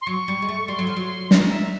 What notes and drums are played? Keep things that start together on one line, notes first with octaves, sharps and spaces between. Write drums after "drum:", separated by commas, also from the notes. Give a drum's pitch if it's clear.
C6
F#3 C#6
G3
G#3
A3
G3 C6
F#3
F3
F#3
A#5, drum: snare
E5